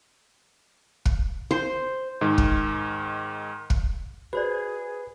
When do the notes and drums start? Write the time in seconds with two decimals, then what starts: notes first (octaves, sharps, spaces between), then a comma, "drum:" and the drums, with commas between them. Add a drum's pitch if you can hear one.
1.05 drum: kick
1.51 C5
2.21 G#2 D#3
2.38 drum: kick
3.70 drum: kick
4.33 F#4 G#4 B4 C5 D5